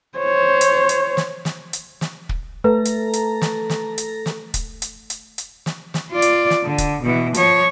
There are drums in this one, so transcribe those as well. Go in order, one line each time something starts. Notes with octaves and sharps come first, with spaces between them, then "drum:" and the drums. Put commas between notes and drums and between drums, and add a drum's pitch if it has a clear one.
C5 C#5
drum: hi-hat
drum: hi-hat
drum: snare
drum: snare
drum: hi-hat
drum: snare
drum: kick
A3 A4 B4 A#5
drum: hi-hat
drum: hi-hat
drum: snare
drum: snare
drum: hi-hat
drum: snare
drum: kick, hi-hat
drum: hi-hat
drum: hi-hat
drum: hi-hat
drum: snare
drum: snare
F4 D5
drum: hi-hat
drum: snare
D3
drum: kick, hi-hat
B2 E3
F3 C#5, drum: hi-hat